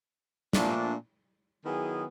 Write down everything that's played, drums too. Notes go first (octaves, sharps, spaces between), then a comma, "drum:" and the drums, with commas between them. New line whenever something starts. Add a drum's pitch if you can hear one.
A#2 F3 A3 D4, drum: snare
D#3 F#3 B3 E4 G#4